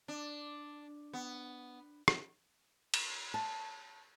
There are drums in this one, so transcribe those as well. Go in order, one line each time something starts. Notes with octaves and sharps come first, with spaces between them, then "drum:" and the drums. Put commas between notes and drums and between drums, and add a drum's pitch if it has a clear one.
D4
B3
drum: rim click
drum: cymbal
A5